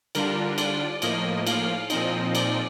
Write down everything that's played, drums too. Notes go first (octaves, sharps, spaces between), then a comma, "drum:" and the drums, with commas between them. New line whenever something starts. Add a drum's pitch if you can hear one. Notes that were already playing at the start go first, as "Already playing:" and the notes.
D3 G3 D4 F4 A#4, drum: cymbal
D5, drum: cymbal
A2 F3 A#3 D#5, drum: cymbal
F5, drum: cymbal
A#2 F3 C4 D#4 D#5, drum: cymbal
D5, drum: cymbal